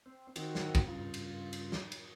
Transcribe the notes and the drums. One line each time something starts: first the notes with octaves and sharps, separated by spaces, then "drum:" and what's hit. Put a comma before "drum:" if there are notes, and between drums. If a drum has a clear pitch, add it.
C4
D#3 C4 F#4, drum: cymbal
drum: snare
drum: kick, cymbal
G2 C#3 F4
drum: cymbal
drum: cymbal
drum: snare
drum: cymbal